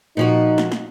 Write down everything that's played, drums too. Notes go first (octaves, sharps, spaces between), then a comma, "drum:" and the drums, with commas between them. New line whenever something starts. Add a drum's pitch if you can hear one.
A#2 F3 D#4 F#4
drum: snare
drum: snare